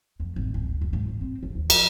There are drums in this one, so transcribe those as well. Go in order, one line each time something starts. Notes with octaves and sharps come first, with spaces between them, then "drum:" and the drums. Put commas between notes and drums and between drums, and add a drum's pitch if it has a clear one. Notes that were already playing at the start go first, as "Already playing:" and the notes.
F2
G#1
D1
F#2
G#2
A1
C4
G1
D#2
F3, drum: cymbal